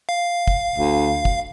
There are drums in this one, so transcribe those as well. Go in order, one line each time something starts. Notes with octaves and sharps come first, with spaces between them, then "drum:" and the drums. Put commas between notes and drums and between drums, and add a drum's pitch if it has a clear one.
F5
drum: kick
D2
drum: kick